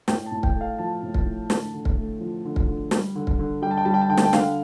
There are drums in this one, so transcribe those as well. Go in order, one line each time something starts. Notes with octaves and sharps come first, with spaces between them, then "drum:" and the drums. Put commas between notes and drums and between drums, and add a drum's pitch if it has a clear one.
A2 G5, drum: snare
A5
A2
G5, drum: kick
A3 F5
F3 A5
A2
drum: kick
A2
D3, drum: snare
D3
drum: kick
A3
F3
D3
drum: kick
D3
G3, drum: snare
D3
drum: kick
D3
G3 G5
A5
G5
G3 A5
G5
A5
D3 G5
A5, drum: snare
G5
D3 F5, drum: snare